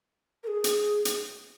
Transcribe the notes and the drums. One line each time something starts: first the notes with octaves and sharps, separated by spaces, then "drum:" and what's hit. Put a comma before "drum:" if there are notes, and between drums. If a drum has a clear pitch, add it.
A#4
G#4
drum: hi-hat
drum: hi-hat